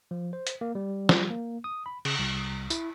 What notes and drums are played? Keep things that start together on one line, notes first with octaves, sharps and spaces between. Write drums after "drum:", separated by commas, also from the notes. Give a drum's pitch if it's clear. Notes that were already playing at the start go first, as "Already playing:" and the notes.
F3
C5
drum: hi-hat
A#3
G3
drum: snare
A#3
D#6
B5
C#3, drum: cymbal
C2
E4, drum: tambourine